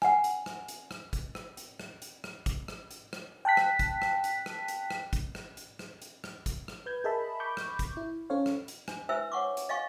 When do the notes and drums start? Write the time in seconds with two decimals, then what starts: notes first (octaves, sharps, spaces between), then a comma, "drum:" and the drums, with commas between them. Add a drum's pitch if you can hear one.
0.02 F#5 G#5, drum: rim click
0.24 drum: hi-hat
0.46 drum: rim click
0.68 drum: hi-hat
0.91 drum: rim click
1.13 drum: kick A1, hi-hat
1.35 drum: rim click
1.57 drum: hi-hat
1.80 drum: rim click
2.02 drum: hi-hat
2.24 drum: rim click
2.46 drum: kick A1, hi-hat
2.68 drum: rim click
2.91 drum: hi-hat
3.13 drum: rim click
3.45 G5 A5 F#6 B6
3.57 drum: rim click
3.79 drum: kick A1, hi-hat
4.02 drum: rim click
4.24 drum: hi-hat
4.46 drum: rim click
4.68 drum: hi-hat
4.91 drum: rim click
5.13 drum: kick A1, hi-hat
5.35 drum: rim click
5.57 drum: hi-hat
5.79 drum: rim click
6.02 drum: hi-hat
6.24 drum: rim click
6.46 drum: kick A1, hi-hat
6.68 drum: rim click
6.86 B4 G6 G#6
7.04 G#4 A#4 D#5 E5 A5 B5
7.40 B5 C#6 D6 G6
7.57 drum: rim click
7.79 drum: kick A1, hi-hat
7.97 E4
8.30 C#4 A4 C5 C#5 F5
8.46 drum: rim click
8.68 drum: hi-hat
8.88 D4, drum: rim click
9.09 E4 B4 C5 E5 G#5 E6
9.32 C#5 F#5 C#6 D6
9.57 drum: hi-hat
9.69 D#5 F5 G#5 C#6